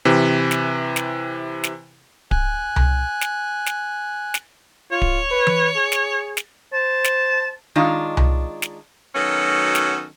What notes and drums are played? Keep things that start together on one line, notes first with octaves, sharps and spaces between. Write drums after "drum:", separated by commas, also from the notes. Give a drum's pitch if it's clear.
C3 E3
drum: snare
drum: snare
drum: snare
G#5 F#6, drum: kick D1
drum: tom C2
drum: snare
drum: snare
drum: snare
F4 C#5
drum: kick D1
B4
drum: tom E3
G#4
drum: snare
drum: snare
C5 A5
drum: snare
D#3 G#3 D4 D#4 F4
drum: tom C2
drum: snare
D#3 F#3 B3 C#4 F#4 A4
drum: snare